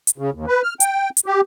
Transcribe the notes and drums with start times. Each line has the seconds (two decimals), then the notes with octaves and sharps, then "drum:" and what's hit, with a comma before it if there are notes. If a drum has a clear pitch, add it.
0.07 drum: hi-hat
0.18 C#3
0.34 D#2
0.48 B4
0.63 F6
0.80 G5, drum: hi-hat
1.17 drum: hi-hat
1.26 G4